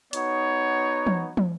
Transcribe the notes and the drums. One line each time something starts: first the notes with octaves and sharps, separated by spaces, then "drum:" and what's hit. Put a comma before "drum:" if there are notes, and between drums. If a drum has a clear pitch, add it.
B3 D#4 F#4 C#5, drum: hi-hat
drum: tom
drum: tom